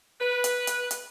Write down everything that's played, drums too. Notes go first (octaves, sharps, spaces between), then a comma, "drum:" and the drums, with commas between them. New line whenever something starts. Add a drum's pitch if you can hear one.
B4
drum: hi-hat
drum: hi-hat
drum: hi-hat